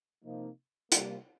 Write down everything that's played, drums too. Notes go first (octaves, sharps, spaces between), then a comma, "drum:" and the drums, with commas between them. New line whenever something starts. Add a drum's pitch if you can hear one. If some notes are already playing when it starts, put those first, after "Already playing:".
C3 F3 A#3 D#4
C3 G3 A#3, drum: hi-hat